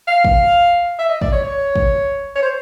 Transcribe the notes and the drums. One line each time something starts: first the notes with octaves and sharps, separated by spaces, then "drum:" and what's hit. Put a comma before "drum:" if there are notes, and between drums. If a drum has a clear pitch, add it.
F5
drum: kick
E5
D#5
D5, drum: kick
C#5
C#5
drum: kick
C#5
C5